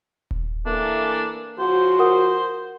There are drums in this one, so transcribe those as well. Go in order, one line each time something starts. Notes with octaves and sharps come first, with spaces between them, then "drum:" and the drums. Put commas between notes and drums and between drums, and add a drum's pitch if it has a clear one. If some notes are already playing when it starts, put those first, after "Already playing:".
drum: kick D#1
E3 A3 A#3 D4
C#3 F3 F#4 C5
A#4 F#5 D#6